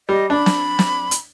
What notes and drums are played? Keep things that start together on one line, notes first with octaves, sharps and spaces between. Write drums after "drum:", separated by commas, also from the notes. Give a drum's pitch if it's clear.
G3 D#5
D4 B5
drum: snare
drum: snare
drum: hi-hat